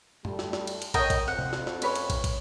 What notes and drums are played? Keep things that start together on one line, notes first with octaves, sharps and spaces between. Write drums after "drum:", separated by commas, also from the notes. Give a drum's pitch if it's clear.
G3 A3, drum: tom F#2
drum: snare
drum: snare
drum: cymbal
drum: cymbal
A#4 C#5 D#5 G5, drum: kick, cymbal
drum: kick, cymbal
F2 C4 F#5
drum: tom C3
drum: snare
drum: snare
C#4 B4 C#5, drum: cymbal
drum: cymbal
drum: kick, cymbal
drum: kick, cymbal